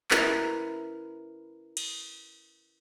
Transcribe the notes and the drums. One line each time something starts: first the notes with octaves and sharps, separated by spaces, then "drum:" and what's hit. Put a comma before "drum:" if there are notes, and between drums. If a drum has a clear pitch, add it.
C#4 E4 A#4 B4, drum: clap
drum: cymbal